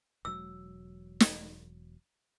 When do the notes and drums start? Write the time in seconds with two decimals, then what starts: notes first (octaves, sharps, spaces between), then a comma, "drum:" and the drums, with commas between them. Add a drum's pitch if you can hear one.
0.25 E1 F#3 E6
1.20 drum: snare